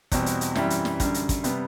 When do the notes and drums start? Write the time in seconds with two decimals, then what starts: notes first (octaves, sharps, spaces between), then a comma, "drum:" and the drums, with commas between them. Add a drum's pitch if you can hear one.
0.12 E2 B2 G3 C4, drum: kick, hi-hat
0.26 drum: hi-hat
0.41 drum: hi-hat
0.55 F#2 E3 G3 C4, drum: snare
0.70 drum: hi-hat
0.85 drum: snare
1.00 F#2 D3 G3, drum: kick, hi-hat
1.14 drum: hi-hat
1.29 drum: kick, hi-hat
1.44 C3 G3 B3, drum: hi-hat